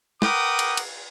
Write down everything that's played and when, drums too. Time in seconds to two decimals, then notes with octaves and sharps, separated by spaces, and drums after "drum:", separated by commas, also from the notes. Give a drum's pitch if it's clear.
0.22 A#4 B4 F#5 G5 D6 D#6, drum: snare
0.59 drum: cymbal
0.77 drum: cymbal